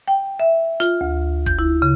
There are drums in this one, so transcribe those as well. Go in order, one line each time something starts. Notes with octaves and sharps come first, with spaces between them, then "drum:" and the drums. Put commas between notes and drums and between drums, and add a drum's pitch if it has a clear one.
G5
E5
F4, drum: hi-hat
D2
G6, drum: kick
E4
C#3